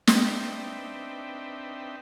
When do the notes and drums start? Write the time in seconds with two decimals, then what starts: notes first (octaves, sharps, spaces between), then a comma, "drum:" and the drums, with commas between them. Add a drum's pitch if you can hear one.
0.07 C4 D4 D#4 B4 E5 G5, drum: snare